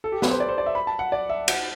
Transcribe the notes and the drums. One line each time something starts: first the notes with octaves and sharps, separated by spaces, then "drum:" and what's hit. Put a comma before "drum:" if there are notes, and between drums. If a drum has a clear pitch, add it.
A4
G4
B4, drum: snare
C5
D5
C5
D5
E5
B5
A5
F#5
D5
E5
F#5, drum: cymbal